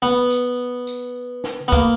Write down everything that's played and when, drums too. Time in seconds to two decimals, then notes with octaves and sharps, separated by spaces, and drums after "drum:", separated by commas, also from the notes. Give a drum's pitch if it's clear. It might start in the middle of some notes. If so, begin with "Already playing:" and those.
0.02 B3
0.30 drum: tambourine
0.87 drum: tambourine
1.44 drum: snare
1.68 B3
1.72 A#3, drum: kick